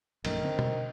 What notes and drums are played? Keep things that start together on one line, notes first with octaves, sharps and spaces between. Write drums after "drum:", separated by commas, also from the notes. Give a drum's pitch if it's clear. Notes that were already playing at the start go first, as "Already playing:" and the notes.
A#1 F#2 D#3 A3, drum: cymbal
D3 C4
drum: tom B2